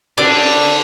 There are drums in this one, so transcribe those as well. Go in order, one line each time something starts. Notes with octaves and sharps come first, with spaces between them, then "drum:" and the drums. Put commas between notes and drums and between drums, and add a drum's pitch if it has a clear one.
D3 D4, drum: cymbal